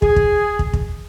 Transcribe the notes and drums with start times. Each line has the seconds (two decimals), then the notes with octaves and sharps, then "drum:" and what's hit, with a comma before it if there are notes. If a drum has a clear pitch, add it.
0.02 G#4, drum: kick
0.16 drum: kick
0.59 drum: kick
0.73 drum: kick